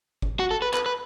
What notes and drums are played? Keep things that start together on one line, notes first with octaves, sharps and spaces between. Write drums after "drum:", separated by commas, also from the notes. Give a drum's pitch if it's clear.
drum: kick G1
F#4
A4
B4
B4, drum: clap
B4